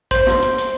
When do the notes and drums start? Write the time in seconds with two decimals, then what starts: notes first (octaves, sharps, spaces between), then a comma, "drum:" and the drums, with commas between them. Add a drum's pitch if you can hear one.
0.11 C5, drum: kick, hi-hat
0.27 drum: snare
0.42 drum: hi-hat
0.58 drum: hi-hat